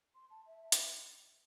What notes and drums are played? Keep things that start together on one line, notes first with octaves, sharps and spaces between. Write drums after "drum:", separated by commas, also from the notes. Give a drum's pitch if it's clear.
C6
A5
E5
drum: hi-hat